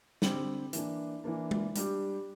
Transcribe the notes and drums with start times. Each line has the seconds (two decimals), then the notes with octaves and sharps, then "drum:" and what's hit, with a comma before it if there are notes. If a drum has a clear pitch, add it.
0.22 D3 G3 C4 G4, drum: snare
0.73 E3 A#3 D4, drum: hi-hat
1.24 E3 A#3 D4
1.51 drum: tom
1.75 G3 D4 G4, drum: hi-hat